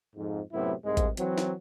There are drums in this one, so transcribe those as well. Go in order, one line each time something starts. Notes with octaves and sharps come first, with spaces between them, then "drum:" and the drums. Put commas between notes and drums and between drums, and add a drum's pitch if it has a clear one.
F2 G#2
F#2 A2 C3 F#3 B3 E4
C2 G#2 G#3
drum: kick A1, hi-hat
E3 F#3 C4, drum: hi-hat
drum: snare